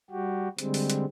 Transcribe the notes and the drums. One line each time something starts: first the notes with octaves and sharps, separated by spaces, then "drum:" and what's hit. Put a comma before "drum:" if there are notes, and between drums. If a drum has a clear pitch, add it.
G3 F#4 G4
D3 G3 G#3 C4, drum: hi-hat
drum: open hi-hat
drum: hi-hat